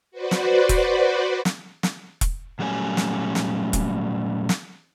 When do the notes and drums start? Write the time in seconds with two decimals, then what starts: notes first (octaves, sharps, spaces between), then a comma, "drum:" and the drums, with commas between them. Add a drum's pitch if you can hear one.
0.11 F#4 B4 C5 D5
0.31 drum: snare
0.69 drum: kick E1, hi-hat
1.45 drum: snare
1.83 drum: snare
2.21 drum: kick E1, hi-hat
2.59 A#2 F#3 G3 A3 C#4 G#5
2.97 drum: snare
3.35 drum: snare
3.73 drum: kick E1, hi-hat
4.49 drum: snare